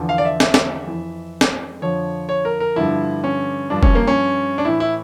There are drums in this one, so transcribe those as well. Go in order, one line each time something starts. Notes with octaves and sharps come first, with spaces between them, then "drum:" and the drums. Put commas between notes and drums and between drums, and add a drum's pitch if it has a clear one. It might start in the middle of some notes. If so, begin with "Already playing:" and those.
Already playing: E2 D3 F3
F5
D5
E5
E5, drum: snare
drum: snare
F2 E3
drum: snare
F2 D3 F3 C#5
C#5
A#4
A#4
G2 D3 F3 E4
C#4
G2 F3 D4
C#4, drum: kick
A#3
C#4
D4
A2 E3 E4
E4